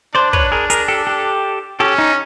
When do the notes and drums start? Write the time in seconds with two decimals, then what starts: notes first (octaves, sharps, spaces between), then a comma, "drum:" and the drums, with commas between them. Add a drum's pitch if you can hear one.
0.15 D4 C5 D5
0.33 B4 C#5, drum: kick
0.52 G#4 A#4
0.70 G#4 A#4, drum: hi-hat
0.88 G4 A4
1.07 G4 A4
1.80 C#4 G4 A4
1.98 D#4